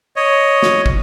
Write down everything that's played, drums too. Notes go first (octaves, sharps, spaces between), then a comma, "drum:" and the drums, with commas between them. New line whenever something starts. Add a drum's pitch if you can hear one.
C#5 D#5
drum: snare
drum: kick